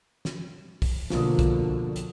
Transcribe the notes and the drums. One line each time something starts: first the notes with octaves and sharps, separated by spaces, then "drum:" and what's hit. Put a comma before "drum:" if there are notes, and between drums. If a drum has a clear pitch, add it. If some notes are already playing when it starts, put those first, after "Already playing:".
drum: snare
drum: kick, open hi-hat
B2 D3 F3 A#3 D#6, drum: snare
drum: kick, hi-hat
drum: hi-hat